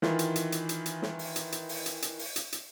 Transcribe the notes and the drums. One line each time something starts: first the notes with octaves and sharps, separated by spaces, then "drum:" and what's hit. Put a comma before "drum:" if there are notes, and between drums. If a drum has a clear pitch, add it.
D#3 E3 F4, drum: snare
drum: hi-hat
drum: hi-hat
drum: hi-hat
drum: hi-hat
drum: hi-hat
drum: snare
drum: open hi-hat
drum: hi-hat
drum: hi-hat
drum: open hi-hat
drum: hi-hat
drum: hi-hat
drum: open hi-hat
drum: hi-hat
drum: hi-hat